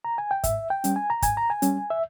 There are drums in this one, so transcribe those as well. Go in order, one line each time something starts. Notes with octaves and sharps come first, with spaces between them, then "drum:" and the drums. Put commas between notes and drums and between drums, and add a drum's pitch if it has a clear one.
A#5
G#5
G5
G#2 E5, drum: kick, hi-hat
G5
G3 C#4, drum: hi-hat
G#5
A#5
G#2 G#5, drum: kick, hi-hat
A#5
G#5
G3 C#4, drum: hi-hat
E5